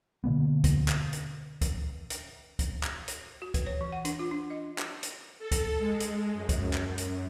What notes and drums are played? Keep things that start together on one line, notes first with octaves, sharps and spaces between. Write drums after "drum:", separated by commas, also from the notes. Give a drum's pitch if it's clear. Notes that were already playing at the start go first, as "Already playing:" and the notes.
B2 D3 A#3 B3
drum: kick, hi-hat
drum: clap
drum: hi-hat
drum: kick, hi-hat
drum: hi-hat
drum: kick, hi-hat
drum: clap
drum: hi-hat
F#4
B4, drum: kick, hi-hat
C#5
E3
F#5
D4, drum: hi-hat
F4
D4
D#5
drum: clap
drum: hi-hat
A4
drum: kick, hi-hat
G#3
drum: hi-hat
F#2
drum: kick, hi-hat
drum: clap
drum: hi-hat